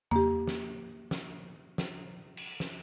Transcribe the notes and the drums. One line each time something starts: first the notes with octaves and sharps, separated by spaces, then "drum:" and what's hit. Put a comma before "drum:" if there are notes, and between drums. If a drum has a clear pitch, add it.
A#3 G4, drum: tom E2
drum: snare
drum: snare
drum: snare
drum: cymbal
drum: snare